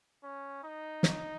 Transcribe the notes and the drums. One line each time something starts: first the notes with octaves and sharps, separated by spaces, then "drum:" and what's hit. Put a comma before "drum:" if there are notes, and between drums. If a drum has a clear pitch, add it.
C#4
D#4
drum: snare